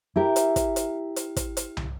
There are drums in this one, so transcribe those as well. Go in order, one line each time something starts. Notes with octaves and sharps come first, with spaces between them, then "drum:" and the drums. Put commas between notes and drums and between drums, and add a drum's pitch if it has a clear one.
E4 G4 A#4
drum: hi-hat
drum: kick, hi-hat
drum: hi-hat
drum: hi-hat
drum: kick, hi-hat
drum: hi-hat
drum: tom